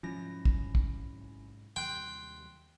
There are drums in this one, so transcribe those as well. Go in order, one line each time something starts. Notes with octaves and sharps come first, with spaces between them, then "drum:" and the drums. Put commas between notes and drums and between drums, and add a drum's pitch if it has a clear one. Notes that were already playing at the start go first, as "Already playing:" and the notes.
G#2 C3 F3 F#3 C#4 E4 A#6
drum: kick
drum: kick
D#2 C3 G3 G5 C6 F#6